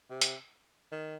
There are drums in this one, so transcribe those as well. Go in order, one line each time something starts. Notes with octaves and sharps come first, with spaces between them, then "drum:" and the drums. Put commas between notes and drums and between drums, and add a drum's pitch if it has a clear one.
C3
drum: hi-hat
D#3